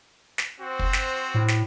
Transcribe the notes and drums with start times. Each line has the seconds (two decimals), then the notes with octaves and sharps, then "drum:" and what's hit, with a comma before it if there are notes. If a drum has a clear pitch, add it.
0.38 drum: snare
0.60 C4 F#4 C5
0.79 drum: kick
0.93 drum: snare
1.35 A2
1.48 drum: snare